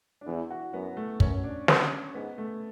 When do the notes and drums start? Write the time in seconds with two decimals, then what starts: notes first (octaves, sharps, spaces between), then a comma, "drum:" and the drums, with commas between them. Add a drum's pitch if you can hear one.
0.21 D4
0.26 E2 E4
0.50 F#4
0.73 F#2 B3
0.97 A3
1.20 F#2 C#4, drum: kick
1.44 D4
1.68 C#4, drum: snare
2.14 G#2 B3
2.38 A3